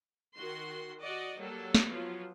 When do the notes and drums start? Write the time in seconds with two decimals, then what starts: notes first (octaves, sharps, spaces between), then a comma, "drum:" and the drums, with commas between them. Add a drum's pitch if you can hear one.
0.36 D#3 F#4 C6
1.01 F#4 D5 D#5
1.38 F#3 G3 A#3 A4
1.74 drum: snare
1.86 F3 F#3 B3 F4